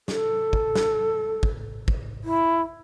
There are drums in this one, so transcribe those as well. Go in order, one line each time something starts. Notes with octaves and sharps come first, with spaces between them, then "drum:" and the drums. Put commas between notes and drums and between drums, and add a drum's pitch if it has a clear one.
A4, drum: snare
drum: kick
drum: snare
drum: kick
drum: kick
E4